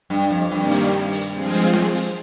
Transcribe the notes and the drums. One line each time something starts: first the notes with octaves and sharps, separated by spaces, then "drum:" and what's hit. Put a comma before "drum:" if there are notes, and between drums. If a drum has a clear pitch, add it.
G2
F2
G2 C3 D#3 G3 A#3
drum: hi-hat
drum: hi-hat
F3 G#3 C4 F4 G#4
drum: hi-hat
drum: snare C4
drum: hi-hat